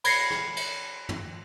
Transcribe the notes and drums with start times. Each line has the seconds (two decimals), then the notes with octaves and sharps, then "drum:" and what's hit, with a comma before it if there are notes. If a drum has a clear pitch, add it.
0.04 B5 G#6 A#6 C7 C#7, drum: cymbal
0.30 drum: rim click
0.57 drum: cymbal
1.09 drum: tom